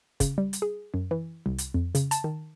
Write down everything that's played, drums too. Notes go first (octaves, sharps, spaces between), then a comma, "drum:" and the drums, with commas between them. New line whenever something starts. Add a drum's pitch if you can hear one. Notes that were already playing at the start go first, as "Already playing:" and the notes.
C#3, drum: kick, hi-hat
G3
drum: hi-hat
G#4
F#2
E3
C2
drum: hi-hat
F2
C#3, drum: hi-hat
A5, drum: hi-hat
D#3